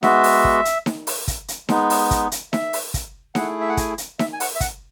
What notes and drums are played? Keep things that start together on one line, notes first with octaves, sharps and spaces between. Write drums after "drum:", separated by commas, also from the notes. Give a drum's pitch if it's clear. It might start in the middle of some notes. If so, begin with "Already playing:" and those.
G#3 B3 F#4 E5, drum: snare D#4
drum: open hi-hat
drum: kick
drum: hi-hat
drum: snare D#4
drum: open hi-hat
drum: kick, hi-hat
drum: hi-hat
G#3 B3 D#4, drum: snare D#4
drum: open hi-hat
drum: kick, hi-hat
drum: hi-hat
E5, drum: snare D#4
drum: open hi-hat
drum: kick, hi-hat
A3 E4 G#4 F#5, drum: snare D#4
E5
F#5
G#5, drum: kick, hi-hat
drum: hi-hat
E5, drum: snare D#4
G#5
F#5, drum: open hi-hat
E5
F#5, drum: kick, hi-hat